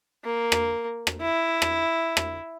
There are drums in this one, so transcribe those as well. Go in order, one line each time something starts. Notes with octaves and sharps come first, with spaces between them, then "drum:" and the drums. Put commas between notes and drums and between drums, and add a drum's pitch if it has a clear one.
A#3
drum: rim click
drum: rim click
E4
drum: rim click
drum: rim click